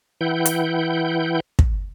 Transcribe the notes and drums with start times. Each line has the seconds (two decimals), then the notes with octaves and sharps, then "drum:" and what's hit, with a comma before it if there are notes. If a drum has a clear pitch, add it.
0.21 E3 E4 F#5 G5 G6
0.46 drum: hi-hat
1.59 drum: kick